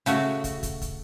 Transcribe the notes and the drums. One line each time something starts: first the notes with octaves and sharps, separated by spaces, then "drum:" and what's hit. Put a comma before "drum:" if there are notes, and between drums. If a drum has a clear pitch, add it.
C#3 A3 F#4, drum: hi-hat
drum: kick, hi-hat
drum: kick, hi-hat
drum: kick, hi-hat